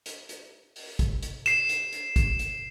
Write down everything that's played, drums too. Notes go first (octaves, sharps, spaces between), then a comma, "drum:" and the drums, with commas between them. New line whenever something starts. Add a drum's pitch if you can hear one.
drum: hi-hat
drum: hi-hat
drum: open hi-hat
drum: kick, hi-hat
drum: hi-hat
C7 E7, drum: hi-hat
drum: hi-hat
drum: hi-hat
drum: kick, hi-hat
drum: hi-hat